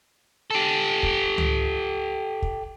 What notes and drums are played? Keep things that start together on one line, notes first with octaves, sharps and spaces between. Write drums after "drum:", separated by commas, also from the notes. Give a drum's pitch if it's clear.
G4 A4
drum: kick
drum: tom C#2
drum: kick